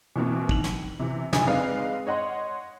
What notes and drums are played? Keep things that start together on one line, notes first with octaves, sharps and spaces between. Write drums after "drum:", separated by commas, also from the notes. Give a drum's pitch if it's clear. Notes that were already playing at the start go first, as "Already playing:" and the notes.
B2 E3 A#3 C4
D#3 F#7, drum: kick
drum: snare
C3 E3
F1 D2 G#5 D#6, drum: snare
G#3 C4 D#4 B4 D5 F5
C#5 D#5 F#5 C6